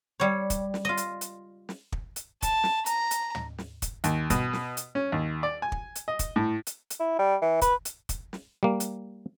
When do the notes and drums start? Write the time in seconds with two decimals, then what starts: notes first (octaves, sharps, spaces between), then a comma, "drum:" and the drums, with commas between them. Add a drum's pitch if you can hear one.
0.20 G3 C#5
0.50 drum: kick, hi-hat
0.74 drum: snare
0.85 F4 D#5
0.98 drum: hi-hat
1.21 drum: hi-hat
1.69 drum: snare
1.92 drum: kick
2.16 drum: hi-hat
2.43 A5, drum: kick, hi-hat
2.64 drum: snare
2.86 A#5, drum: hi-hat
3.11 drum: hi-hat
3.35 drum: tom
3.58 drum: snare
3.82 drum: kick, hi-hat
4.04 D#2, drum: hi-hat
4.30 B2, drum: kick, hi-hat
4.53 drum: snare
4.77 drum: hi-hat
4.95 C#4
5.12 D#2
5.43 D5
5.62 G#5
5.72 drum: kick
5.96 drum: hi-hat
6.08 D#5
6.19 drum: kick, hi-hat
6.36 A2
6.67 drum: hi-hat
6.90 drum: hi-hat
7.00 E4
7.19 G3
7.42 E3
7.62 B4, drum: kick, hi-hat
7.85 drum: hi-hat
8.09 drum: kick, hi-hat
8.33 drum: snare
8.63 G3 A#3
8.80 drum: hi-hat